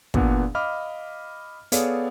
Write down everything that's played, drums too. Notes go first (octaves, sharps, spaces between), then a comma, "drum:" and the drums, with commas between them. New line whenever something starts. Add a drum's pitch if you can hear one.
E2 A#2 B3 D4 F#5, drum: kick
D#5 F5 B5 D6 F6
B3 G#4 A4 C#5 D5 F5, drum: hi-hat